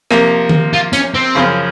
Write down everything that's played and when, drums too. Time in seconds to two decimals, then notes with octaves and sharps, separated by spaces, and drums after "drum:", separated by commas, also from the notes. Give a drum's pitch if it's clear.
0.11 C3 F3 A#3, drum: rim click
0.49 drum: tom D#3
0.73 F4
0.93 C#4, drum: hi-hat
1.14 C4
1.35 F#2 C#3 F3